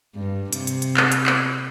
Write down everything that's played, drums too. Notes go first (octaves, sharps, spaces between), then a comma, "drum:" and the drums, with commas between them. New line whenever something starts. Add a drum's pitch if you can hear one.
G2
C3, drum: hi-hat
drum: hi-hat
drum: hi-hat
drum: clap
drum: hi-hat
drum: clap